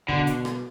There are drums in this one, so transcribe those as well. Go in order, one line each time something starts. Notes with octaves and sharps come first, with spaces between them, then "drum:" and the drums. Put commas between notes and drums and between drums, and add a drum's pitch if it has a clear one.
B2 D3, drum: kick
drum: hi-hat
drum: rim click